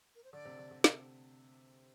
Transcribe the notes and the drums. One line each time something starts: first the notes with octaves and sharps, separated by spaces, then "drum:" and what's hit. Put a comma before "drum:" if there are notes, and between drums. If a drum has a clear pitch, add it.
A#4
C5
D3 D5
C3
D3
D3
C3 E5, drum: snare